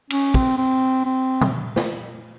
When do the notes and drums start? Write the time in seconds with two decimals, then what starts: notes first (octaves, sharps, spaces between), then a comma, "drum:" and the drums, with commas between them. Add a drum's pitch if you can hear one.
0.10 C#4, drum: cymbal
0.34 C4, drum: kick
0.57 C4
1.05 C4
1.41 drum: tom A#2
1.76 drum: snare